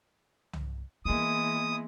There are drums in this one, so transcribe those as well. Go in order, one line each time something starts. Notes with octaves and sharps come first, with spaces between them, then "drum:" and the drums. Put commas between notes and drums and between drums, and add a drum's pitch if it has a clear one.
drum: tom C2
E3 G#3 A#3 B3 E4 D#6